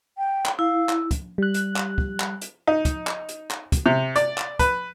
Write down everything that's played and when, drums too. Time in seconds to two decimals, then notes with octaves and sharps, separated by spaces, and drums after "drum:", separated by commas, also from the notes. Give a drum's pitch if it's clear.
0.18 G5
0.45 drum: clap
0.59 E4 F5
0.89 drum: clap
1.11 drum: kick, hi-hat
1.38 G3 F#6
1.54 drum: hi-hat
1.76 drum: clap
1.98 drum: kick
2.20 drum: clap
2.42 drum: hi-hat
2.67 D#4
2.85 drum: kick, hi-hat
3.07 drum: clap
3.29 drum: hi-hat
3.50 drum: clap
3.72 drum: kick, hi-hat
3.86 C3
4.16 D5, drum: hi-hat
4.38 drum: clap
4.59 B4, drum: kick, hi-hat